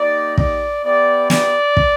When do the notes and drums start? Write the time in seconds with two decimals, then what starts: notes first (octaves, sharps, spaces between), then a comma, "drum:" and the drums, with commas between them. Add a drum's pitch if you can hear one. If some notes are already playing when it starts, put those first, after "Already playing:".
Already playing: A#3 D#4 G4 D5
0.38 D5, drum: kick
0.83 B3 E4 G4 D5
1.30 D5, drum: snare
1.77 drum: kick